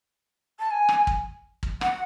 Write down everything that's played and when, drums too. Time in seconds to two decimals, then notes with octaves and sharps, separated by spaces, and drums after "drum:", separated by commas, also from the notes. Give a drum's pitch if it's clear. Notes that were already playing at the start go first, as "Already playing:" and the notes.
0.59 A5
0.70 G#5
0.89 drum: rim click
1.07 drum: kick
1.63 drum: kick
1.81 F#5, drum: rim click